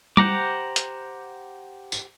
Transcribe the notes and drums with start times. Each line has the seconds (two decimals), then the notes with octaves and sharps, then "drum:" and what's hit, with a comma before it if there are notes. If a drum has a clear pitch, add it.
0.17 G4 C5 F#5 A#5 D6, drum: tom
0.76 drum: hi-hat
1.92 drum: tambourine